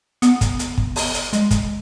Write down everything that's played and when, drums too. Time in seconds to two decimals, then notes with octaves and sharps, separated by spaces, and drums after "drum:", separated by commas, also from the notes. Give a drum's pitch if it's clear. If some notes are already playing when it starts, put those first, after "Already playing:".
0.22 B3, drum: hi-hat
0.41 drum: kick, hi-hat
0.59 drum: hi-hat
0.78 drum: kick
0.96 drum: open hi-hat
1.14 drum: hi-hat
1.33 G#3, drum: hi-hat
1.51 drum: kick, hi-hat